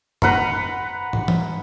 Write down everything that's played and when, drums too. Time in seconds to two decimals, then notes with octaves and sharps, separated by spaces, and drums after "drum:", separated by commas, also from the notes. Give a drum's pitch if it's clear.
0.22 B4 F#5 A#5 C6, drum: tom F#2
1.13 drum: tom
1.28 drum: tom E3